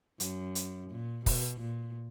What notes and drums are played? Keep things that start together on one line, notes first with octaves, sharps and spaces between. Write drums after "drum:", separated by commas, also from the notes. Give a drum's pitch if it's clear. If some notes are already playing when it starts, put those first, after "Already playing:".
F#2, drum: hi-hat
drum: hi-hat
A#2
B2, drum: kick, open hi-hat
A#2